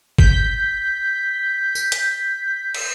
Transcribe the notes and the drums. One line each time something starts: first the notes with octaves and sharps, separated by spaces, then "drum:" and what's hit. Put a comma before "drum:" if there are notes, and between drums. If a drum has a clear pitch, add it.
G6 B6, drum: kick
drum: tambourine
drum: hi-hat
drum: cymbal